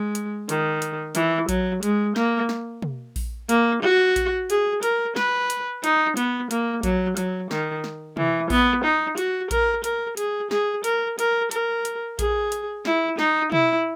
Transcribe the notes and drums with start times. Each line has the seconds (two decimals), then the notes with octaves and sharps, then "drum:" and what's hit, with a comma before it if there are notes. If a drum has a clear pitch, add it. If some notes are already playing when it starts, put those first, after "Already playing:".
Already playing: G#3
0.15 drum: hi-hat
0.49 D#3, drum: hi-hat
0.82 drum: hi-hat
1.15 E3, drum: hi-hat
1.49 F#3, drum: kick A#1, hi-hat
1.83 G#3, drum: hi-hat
2.16 A#3, drum: snare
2.49 drum: snare
2.82 drum: tom
3.16 drum: kick A#1, open hi-hat
3.49 A#3, drum: hi-hat
3.83 F#4
4.16 drum: kick A#1, hi-hat
4.50 G#4, drum: hi-hat
4.83 A#4, drum: hi-hat
5.16 B4, drum: snare
5.50 drum: hi-hat
5.84 D#4, drum: hi-hat
6.17 B3, drum: hi-hat
6.51 A#3, drum: hi-hat
6.83 F#3, drum: kick A#1, hi-hat
7.17 F#3, drum: hi-hat
7.51 D#3, drum: snare
7.84 drum: snare
8.17 E3, drum: tom
8.50 B3, drum: kick A#1, open hi-hat
8.84 D#4
9.18 F#4, drum: hi-hat
9.51 A#4, drum: kick A#1, hi-hat
9.84 A#4, drum: hi-hat
10.17 G#4, drum: hi-hat
10.51 G#4, drum: snare
10.84 A#4, drum: hi-hat
11.19 A#4, drum: hi-hat
11.51 A#4, drum: hi-hat
11.85 drum: hi-hat
12.19 G#4, drum: kick A#1, hi-hat
12.52 drum: hi-hat
12.85 E4, drum: snare
13.19 D#4, drum: snare
13.52 E4, drum: tom